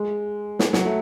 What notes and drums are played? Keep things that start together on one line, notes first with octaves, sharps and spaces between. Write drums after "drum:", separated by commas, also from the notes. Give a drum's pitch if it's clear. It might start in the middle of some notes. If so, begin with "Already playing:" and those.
Already playing: G#3
drum: snare
F#3, drum: snare
A3